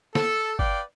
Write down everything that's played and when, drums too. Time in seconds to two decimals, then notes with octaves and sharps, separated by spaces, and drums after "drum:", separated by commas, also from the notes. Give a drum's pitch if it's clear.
0.15 A4, drum: snare
0.59 B4 D5 F5 G5, drum: kick G1